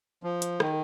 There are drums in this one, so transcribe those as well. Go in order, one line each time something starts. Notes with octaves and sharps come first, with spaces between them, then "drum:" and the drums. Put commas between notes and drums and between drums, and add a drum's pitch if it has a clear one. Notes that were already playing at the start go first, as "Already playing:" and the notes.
F3
drum: hi-hat
D#3, drum: rim click